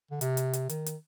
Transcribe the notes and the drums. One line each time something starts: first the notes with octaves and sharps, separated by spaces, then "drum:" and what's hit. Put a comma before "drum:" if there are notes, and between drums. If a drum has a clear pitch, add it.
D3
C3, drum: hi-hat
drum: hi-hat
drum: hi-hat
D#3, drum: hi-hat
drum: hi-hat